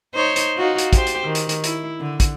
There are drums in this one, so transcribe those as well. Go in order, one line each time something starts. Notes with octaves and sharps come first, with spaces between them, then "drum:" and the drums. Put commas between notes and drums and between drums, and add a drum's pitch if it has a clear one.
D#4 C5 C#5
drum: hi-hat
D#4 F4 F#4
drum: hi-hat
G4 C5, drum: kick, hi-hat
drum: hi-hat
D#3
drum: hi-hat
drum: hi-hat
E4, drum: hi-hat
D3
drum: kick, hi-hat